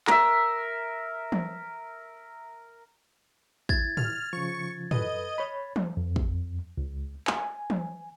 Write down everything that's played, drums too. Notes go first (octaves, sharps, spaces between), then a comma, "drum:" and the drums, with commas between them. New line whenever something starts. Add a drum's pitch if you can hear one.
A#4 E5, drum: clap
drum: tom E3
E4 G#6 A6, drum: kick
F6, drum: tom G#2
C#3 F3 C#6
F#2 A4 B4 D#5, drum: tom G#2
C#5 B5
drum: tom E3
F2
drum: kick
C#2
G#5, drum: clap
drum: tom E3